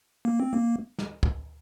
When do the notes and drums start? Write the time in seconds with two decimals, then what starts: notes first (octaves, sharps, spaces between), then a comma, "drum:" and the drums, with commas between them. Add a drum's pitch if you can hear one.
0.25 A#3
0.40 C4
0.53 A#3
0.99 drum: snare
1.23 drum: kick